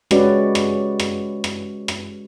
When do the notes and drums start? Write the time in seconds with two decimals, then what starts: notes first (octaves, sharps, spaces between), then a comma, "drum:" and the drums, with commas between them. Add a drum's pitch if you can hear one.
0.11 G#3 C#4 F#4 G4 B4 D5, drum: rim click
0.55 drum: rim click
1.00 drum: rim click
1.44 drum: rim click
1.88 drum: rim click